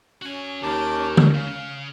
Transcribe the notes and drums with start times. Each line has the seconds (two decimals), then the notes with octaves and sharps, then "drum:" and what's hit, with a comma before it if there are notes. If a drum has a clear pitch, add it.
0.22 C#4 F#4 G#5
0.63 D#2 D#3 A5 D6
1.17 drum: tom D3
1.34 C#3 F5